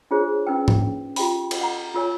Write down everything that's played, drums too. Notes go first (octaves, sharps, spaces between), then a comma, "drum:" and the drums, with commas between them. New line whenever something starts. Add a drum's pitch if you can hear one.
D4 F4 G#4 C5 C#5
C#4 D#4 A#4 B4 G5
drum: tom G#2
F4 G4 G5 B5, drum: open hi-hat
drum: cymbal
F#5 A#5
F4 A#4 C#5 G#5